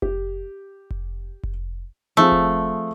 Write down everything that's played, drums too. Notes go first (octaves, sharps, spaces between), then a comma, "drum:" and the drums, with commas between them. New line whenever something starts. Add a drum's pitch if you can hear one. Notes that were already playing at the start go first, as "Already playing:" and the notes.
G4, drum: kick F1
drum: kick F1
drum: kick F1
F3 A3 C4 G#4
drum: kick F1